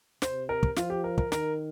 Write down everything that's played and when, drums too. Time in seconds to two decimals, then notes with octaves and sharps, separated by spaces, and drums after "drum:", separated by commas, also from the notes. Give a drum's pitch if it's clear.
0.22 C3 C5, drum: snare
0.49 A#4
0.63 drum: kick
0.76 F3 F4, drum: snare
0.90 G4
1.04 A#4
1.18 A#4, drum: kick
1.32 D#3 A#4, drum: snare